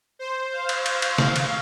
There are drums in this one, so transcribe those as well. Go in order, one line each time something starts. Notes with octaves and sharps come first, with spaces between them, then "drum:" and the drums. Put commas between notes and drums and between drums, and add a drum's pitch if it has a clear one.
C5
F5
drum: cymbal
drum: cymbal
drum: cymbal
F5, drum: snare
drum: cymbal